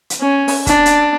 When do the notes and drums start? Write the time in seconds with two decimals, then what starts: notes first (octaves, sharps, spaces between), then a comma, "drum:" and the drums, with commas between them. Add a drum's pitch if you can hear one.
0.10 drum: hi-hat
0.21 C#4
0.48 drum: open hi-hat
0.67 D4, drum: kick, hi-hat
0.86 drum: hi-hat